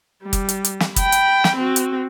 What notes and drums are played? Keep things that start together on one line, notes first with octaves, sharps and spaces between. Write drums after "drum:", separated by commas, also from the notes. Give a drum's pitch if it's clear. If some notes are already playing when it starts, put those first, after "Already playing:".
G3
drum: kick F#1, hi-hat
drum: hi-hat
drum: hi-hat
drum: snare
G5 B5, drum: kick F#1, hi-hat
drum: hi-hat
drum: snare
C4 F#4
drum: hi-hat